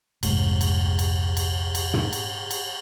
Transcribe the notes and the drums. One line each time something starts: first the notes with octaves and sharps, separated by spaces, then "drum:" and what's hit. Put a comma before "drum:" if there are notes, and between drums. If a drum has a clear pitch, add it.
F1 C2 G#2 C3, drum: cymbal
drum: cymbal
drum: cymbal
drum: cymbal
drum: cymbal
drum: tom
drum: cymbal
drum: cymbal